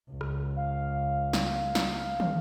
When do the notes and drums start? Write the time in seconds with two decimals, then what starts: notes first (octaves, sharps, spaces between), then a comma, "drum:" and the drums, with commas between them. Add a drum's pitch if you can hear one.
0.10 C#2
0.21 drum: rim click
0.56 F5
1.33 drum: snare
1.75 drum: snare
2.20 drum: tom